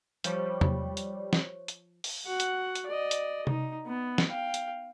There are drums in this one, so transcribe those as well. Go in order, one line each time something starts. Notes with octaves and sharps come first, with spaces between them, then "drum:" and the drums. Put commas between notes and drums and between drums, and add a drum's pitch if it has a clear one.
F3 G3 C5 C#5 C#6, drum: hi-hat
drum: tom
drum: hi-hat
drum: snare
drum: hi-hat
drum: open hi-hat
F#4 F#5
drum: hi-hat
drum: hi-hat
D5 D#5
drum: hi-hat
D#4, drum: tom C3
B3
drum: snare
F5 G5
drum: hi-hat